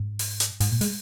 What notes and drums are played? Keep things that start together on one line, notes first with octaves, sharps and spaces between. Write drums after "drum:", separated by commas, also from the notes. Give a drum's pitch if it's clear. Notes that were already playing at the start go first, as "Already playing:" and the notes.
Already playing: G#2
drum: open hi-hat
drum: hi-hat
G#2, drum: open hi-hat
A#2
G#3, drum: open hi-hat